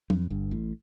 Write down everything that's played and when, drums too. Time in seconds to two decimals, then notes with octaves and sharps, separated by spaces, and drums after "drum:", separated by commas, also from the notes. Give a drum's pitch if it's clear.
0.10 F2, drum: tom
0.30 G1 G2
0.51 A1 A2